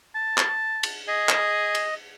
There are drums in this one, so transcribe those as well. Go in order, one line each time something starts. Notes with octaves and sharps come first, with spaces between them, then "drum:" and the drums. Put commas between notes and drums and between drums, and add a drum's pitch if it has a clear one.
A5
drum: clap
drum: cymbal
G#4 D#5
drum: clap
drum: cymbal